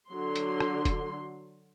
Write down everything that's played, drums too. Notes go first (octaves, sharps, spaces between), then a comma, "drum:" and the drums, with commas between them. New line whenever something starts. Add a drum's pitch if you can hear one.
D3 F#3 F#4 C6
drum: hi-hat
drum: rim click
drum: kick E1, hi-hat